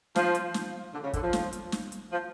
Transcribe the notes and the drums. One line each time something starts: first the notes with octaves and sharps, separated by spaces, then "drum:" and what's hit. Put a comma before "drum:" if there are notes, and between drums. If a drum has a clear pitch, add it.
F3, drum: snare
drum: hi-hat
drum: snare
D3
C#3
D3, drum: kick, hi-hat
F3
drum: snare
drum: hi-hat
drum: snare
drum: hi-hat
F3